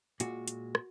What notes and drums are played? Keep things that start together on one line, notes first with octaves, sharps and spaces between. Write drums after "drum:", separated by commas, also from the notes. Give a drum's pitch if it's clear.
A#2 G#3 F#4, drum: hi-hat
drum: hi-hat
drum: rim click